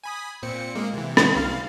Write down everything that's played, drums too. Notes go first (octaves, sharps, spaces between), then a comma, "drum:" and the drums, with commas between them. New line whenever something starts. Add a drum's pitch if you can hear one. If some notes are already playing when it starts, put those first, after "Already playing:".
G#5 B5 D#6
A#2 C4 C#7
G#3 A#3
C3 E3
drum: rim click
C2 F5